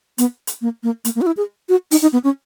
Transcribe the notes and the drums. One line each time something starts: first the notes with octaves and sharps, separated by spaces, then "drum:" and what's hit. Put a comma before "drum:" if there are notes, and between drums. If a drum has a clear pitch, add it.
B3, drum: hi-hat
drum: hi-hat
A#3
A#3
A#3, drum: hi-hat
A#3
F#4
E4
G#4
F#4
D#4, drum: open hi-hat
D#4
B3
C#4